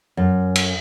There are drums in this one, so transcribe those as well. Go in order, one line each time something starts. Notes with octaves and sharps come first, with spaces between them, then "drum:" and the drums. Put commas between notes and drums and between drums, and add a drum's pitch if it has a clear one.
F#2
drum: cymbal